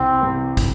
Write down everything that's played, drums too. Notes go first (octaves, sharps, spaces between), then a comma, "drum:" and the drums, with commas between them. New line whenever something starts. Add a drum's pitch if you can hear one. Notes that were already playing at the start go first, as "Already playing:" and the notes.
Already playing: C2 C4
C3 E3
drum: kick, hi-hat